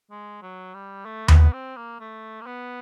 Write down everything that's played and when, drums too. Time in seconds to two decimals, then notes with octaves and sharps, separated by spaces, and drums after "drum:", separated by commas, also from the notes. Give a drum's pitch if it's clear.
0.11 G#3
0.42 F#3
0.74 G3
1.05 A3
1.28 B3, drum: tom D#2
1.53 C4
1.76 A#3
2.00 A3
2.41 A#3
2.46 B3